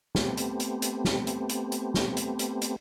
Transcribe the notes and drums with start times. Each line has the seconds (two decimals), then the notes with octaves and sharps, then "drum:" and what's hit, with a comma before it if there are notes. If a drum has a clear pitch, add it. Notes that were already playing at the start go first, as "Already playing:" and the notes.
0.15 A3 B3 C4 G4, drum: snare
0.37 drum: hi-hat
0.60 drum: hi-hat
0.82 drum: hi-hat
1.05 drum: snare
1.27 drum: hi-hat
1.49 drum: hi-hat
1.72 drum: hi-hat
1.94 drum: snare
2.17 drum: hi-hat
2.39 drum: hi-hat
2.62 drum: hi-hat